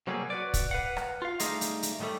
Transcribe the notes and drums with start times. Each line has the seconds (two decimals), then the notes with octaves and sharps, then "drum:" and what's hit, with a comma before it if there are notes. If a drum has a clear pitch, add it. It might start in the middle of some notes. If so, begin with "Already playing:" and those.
0.07 C3 F#3 G3 A#3 C4 G#4
0.30 F#4 B4 D5
0.54 drum: kick, hi-hat
0.71 B4 F5 F#5
0.97 drum: rim click
1.22 F4 F5
1.40 G3 A3 D#4 G#4 D#5 F5, drum: hi-hat
1.61 drum: hi-hat
1.83 drum: hi-hat
1.99 A2 D#3 F#3 G3 A3